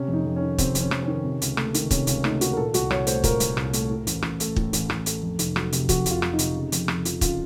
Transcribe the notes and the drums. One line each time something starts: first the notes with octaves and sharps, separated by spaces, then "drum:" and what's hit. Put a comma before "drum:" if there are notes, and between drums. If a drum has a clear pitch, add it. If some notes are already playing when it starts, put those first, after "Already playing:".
Already playing: C3 C#4
F2
D#4
F2
C#4
D#3
C3 C4, drum: kick, hi-hat
F2, drum: hi-hat
C#4
F2, drum: rim click
D#3 C#4
C3
C#2, drum: hi-hat
A3, drum: rim click
D#3, drum: hi-hat
C3 C#4, drum: kick, hi-hat
C#2 C#4, drum: hi-hat
A3 D#4, drum: rim click
D#3 F#4, drum: hi-hat
A#4
A#2 A4
C2 F#4, drum: hi-hat
C2 C#5, drum: rim click
A3 C5, drum: hi-hat
A#2 A#4, drum: kick, hi-hat
C2, drum: hi-hat
C2, drum: rim click
A3, drum: hi-hat
A2
A1, drum: hi-hat
A1, drum: rim click
A3, drum: hi-hat
A2, drum: kick
A1, drum: hi-hat
A1, drum: rim click
A3, drum: hi-hat
F2
F1, drum: hi-hat
F#3, drum: rim click
C3, drum: hi-hat
F2 F#4, drum: kick, hi-hat
F1 F4, drum: hi-hat
F#3, drum: rim click
D#4
C3, drum: hi-hat
C#3
F2, drum: hi-hat
F2, drum: rim click
F3, drum: hi-hat
C#3 F4, drum: kick, hi-hat